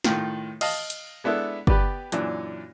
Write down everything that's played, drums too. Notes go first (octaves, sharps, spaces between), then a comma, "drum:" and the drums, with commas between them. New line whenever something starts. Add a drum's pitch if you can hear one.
A2 D#3 F4, drum: snare
D#5 F5 A5, drum: cymbal
drum: hi-hat
G#3 B3 D4 E4 A4
B3 G4 B4 D5, drum: kick G1
F#2 A#2 E3 D4, drum: hi-hat